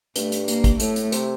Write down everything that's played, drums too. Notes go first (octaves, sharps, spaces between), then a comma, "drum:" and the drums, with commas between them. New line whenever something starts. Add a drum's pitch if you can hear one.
G2 A3, drum: hi-hat
drum: hi-hat
A#3, drum: hi-hat
drum: kick, hi-hat
A2 A3, drum: hi-hat
drum: hi-hat
C3, drum: hi-hat